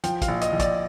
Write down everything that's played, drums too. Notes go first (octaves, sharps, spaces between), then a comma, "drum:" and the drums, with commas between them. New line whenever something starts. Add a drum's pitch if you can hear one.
F3 G5, drum: hi-hat
F5, drum: kick, hi-hat
A#1
D#5, drum: hi-hat
A#1
D5, drum: kick, hi-hat